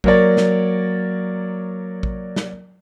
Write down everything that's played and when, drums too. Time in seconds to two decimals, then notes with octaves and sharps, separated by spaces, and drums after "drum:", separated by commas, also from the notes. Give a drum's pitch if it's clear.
0.04 F#3 A#3 A#4 C#5 D5, drum: kick
0.37 drum: snare
2.03 drum: kick
2.36 drum: snare